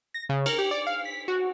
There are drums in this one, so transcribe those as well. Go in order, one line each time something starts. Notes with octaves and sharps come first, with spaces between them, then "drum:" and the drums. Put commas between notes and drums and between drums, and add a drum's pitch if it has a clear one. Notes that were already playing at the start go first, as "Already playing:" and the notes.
A#6
C#3
A#4, drum: cymbal
G4
D5
F5
B6
F#4